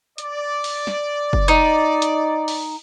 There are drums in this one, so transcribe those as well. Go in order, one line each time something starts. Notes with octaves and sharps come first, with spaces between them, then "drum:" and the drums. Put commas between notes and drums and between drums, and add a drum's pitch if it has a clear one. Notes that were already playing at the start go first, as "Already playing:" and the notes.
D5, drum: hi-hat
drum: open hi-hat
drum: snare
drum: kick
D#4
drum: hi-hat
drum: open hi-hat